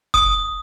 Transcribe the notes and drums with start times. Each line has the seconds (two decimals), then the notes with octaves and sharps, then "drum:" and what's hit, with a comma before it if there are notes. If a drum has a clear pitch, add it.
0.14 D#6, drum: kick F1